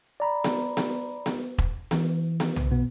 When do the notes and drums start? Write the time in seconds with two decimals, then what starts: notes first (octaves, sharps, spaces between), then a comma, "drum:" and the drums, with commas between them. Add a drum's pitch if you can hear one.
0.20 D5 A#5 B5
0.44 drum: snare B3
0.77 drum: snare B3
1.26 drum: snare B3
1.58 drum: kick E1
1.91 E3, drum: snare B3
2.40 drum: snare B3
2.56 drum: tom
2.71 B2 B3